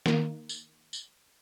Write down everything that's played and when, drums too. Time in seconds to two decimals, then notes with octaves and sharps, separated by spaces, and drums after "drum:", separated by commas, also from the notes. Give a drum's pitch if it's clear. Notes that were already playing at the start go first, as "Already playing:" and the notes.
0.06 D#3 A#3, drum: snare
0.49 drum: tambourine
0.93 drum: tambourine